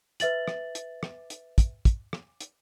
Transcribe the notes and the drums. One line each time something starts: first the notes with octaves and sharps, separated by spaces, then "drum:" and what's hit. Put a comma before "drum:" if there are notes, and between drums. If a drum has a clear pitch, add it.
B4 E5 A6 F#7, drum: hi-hat
drum: rim click
drum: hi-hat
drum: rim click
drum: hi-hat
drum: kick, hi-hat
drum: kick, hi-hat
drum: rim click
drum: hi-hat